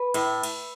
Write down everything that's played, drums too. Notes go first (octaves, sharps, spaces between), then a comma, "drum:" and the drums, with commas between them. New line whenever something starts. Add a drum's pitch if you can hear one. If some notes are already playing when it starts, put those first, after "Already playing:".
Already playing: B4
A2, drum: cymbal
drum: cymbal